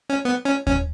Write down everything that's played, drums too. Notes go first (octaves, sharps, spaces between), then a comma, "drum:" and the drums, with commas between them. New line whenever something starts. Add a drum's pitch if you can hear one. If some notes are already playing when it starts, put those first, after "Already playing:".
C#4
B3
C#4
C#4, drum: kick D#2